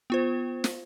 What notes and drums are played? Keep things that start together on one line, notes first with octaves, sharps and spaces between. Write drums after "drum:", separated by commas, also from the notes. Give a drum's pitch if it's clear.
B3 F4 C5
drum: snare